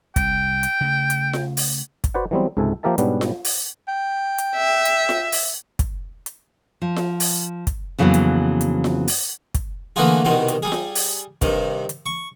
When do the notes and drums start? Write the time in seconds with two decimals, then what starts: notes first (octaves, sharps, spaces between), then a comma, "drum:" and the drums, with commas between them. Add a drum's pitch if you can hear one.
0.16 C2 G5, drum: kick, hi-hat
0.63 drum: hi-hat
0.81 C#3 A3
1.10 drum: hi-hat
1.33 drum: snare F4
1.57 drum: open hi-hat
2.04 drum: kick, hi-hat
2.14 F#4 B4 C5 D5 F#5
2.31 E3 F#3 G3 B3 C4
2.57 C#2 G#2 C3 A4 E5 G#5
2.83 F3 A#3 G4 A#4 E5 A5
2.98 G#2 B2 G3 B3 C#4 D4, drum: hi-hat
3.21 drum: snare F4
3.45 drum: open hi-hat
3.88 G5
4.38 drum: hi-hat
4.56 E5
4.85 drum: hi-hat
5.09 drum: snare F4
5.32 drum: open hi-hat
5.79 drum: kick, hi-hat
6.26 drum: hi-hat
6.82 F3
6.96 drum: snare F4
7.20 drum: open hi-hat
7.67 drum: kick, hi-hat
7.99 F2 C#3 E3 F#3 A#3 B3
8.14 drum: hi-hat
8.61 drum: hi-hat
8.84 drum: snare F4
9.08 drum: open hi-hat
9.54 drum: kick, hi-hat
9.96 D3 E3 A3 A#3 F4 G#4
10.25 C2 B2 D#3 G3 C6
10.48 drum: hi-hat
10.62 G3 G#4
10.72 drum: snare F4
10.95 drum: open hi-hat
11.42 G2 C3 D#3, drum: kick, hi-hat
11.89 drum: hi-hat
12.06 C#6